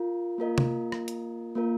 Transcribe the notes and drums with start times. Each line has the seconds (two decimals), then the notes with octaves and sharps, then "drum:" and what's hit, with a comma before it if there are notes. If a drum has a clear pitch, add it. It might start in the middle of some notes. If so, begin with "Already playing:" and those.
Already playing: F4 A#4
0.38 A#3 F4 A#4 D#5
0.58 drum: tom C3
0.92 drum: rim click
1.08 drum: hi-hat
1.55 A#3 F4 A#4